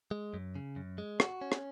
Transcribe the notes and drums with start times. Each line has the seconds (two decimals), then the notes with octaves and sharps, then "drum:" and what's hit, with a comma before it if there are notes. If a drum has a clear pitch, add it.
0.11 G#3
0.34 F#2
0.55 C#3
0.76 F#2
0.98 G#3
1.20 F#4, drum: rim click
1.41 C#4
1.52 drum: rim click